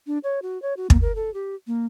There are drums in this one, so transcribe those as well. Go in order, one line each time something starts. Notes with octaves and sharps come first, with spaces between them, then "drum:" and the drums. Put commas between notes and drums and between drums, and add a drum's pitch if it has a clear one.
D4
C#5
F#4
C#5
F#4
A#3, drum: kick
A#4
A4
G4
A#3